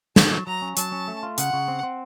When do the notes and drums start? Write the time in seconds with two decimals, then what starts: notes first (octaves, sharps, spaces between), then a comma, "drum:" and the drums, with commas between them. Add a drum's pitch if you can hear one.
0.16 F#3 A5, drum: snare
0.31 F#3
0.47 F#3 A#5
0.62 C#4
0.77 F#3 A5, drum: hi-hat
0.92 C#4
1.08 A3
1.23 F4
1.38 C#3 F#5, drum: hi-hat
1.53 C#3
1.68 C4
1.83 C4